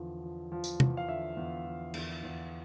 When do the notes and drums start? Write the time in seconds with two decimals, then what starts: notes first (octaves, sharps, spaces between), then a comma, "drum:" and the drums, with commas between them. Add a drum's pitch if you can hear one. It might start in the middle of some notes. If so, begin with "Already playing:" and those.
Already playing: E2 D3 F3
0.23 F3
0.52 F3
0.64 drum: tambourine
0.80 E2, drum: tom
0.97 F5
1.08 D3 E5
1.37 E2
1.66 F3
1.94 E2, drum: cymbal
2.23 E2